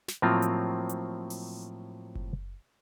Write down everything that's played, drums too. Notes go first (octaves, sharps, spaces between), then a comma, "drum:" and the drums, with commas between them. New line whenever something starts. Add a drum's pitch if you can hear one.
drum: snare
A2 F3 F#3 A#3 C4 F4
drum: hi-hat
drum: hi-hat
drum: open hi-hat
drum: kick F#1